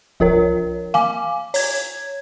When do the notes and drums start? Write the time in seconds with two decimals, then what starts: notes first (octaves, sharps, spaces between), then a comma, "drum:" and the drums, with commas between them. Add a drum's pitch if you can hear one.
0.20 F3 F4 A#4 C#5, drum: kick C2
0.94 F5 G#5 D6, drum: snare A#3
1.54 C#5 G#6, drum: open hi-hat